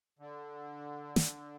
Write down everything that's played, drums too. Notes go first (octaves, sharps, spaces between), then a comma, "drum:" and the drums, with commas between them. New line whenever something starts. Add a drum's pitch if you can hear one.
D3
drum: snare